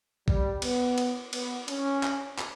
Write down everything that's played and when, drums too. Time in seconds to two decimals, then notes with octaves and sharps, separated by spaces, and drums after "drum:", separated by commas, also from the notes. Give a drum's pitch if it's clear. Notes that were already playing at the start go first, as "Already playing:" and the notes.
0.28 G3, drum: kick A#1
0.62 B3, drum: cymbal
0.98 drum: cymbal
1.33 B3, drum: cymbal
1.68 C#4, drum: cymbal
2.03 drum: clap
2.38 drum: clap